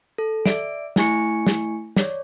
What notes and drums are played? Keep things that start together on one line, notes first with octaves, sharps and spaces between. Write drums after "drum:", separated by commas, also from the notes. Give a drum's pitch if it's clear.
A4
D5 E5 D7, drum: snare
A3 E4 G#5 C#6 C#7, drum: snare
drum: snare
C#5 D5, drum: snare